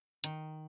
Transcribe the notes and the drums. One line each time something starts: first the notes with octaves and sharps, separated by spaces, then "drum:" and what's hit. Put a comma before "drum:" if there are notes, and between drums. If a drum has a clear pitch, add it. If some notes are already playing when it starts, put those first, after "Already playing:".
D#3, drum: hi-hat